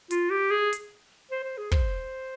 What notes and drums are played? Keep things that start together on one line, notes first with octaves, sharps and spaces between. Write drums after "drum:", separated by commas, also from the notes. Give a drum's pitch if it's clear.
F4, drum: hi-hat
G4
G#4
drum: hi-hat
C5
C5
G#4
C5, drum: kick